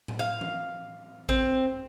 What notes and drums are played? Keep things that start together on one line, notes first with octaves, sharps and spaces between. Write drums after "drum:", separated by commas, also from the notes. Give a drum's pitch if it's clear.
drum: tom A2
F5
drum: tom E3
C4, drum: kick A1